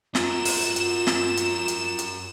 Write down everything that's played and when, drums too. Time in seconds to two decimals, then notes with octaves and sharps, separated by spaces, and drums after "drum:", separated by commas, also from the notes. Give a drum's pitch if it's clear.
0.15 F4 F#4 A#4 E7, drum: snare
0.45 drum: open hi-hat
0.76 drum: hi-hat
1.07 drum: snare
1.37 drum: hi-hat
1.68 drum: hi-hat
1.99 drum: hi-hat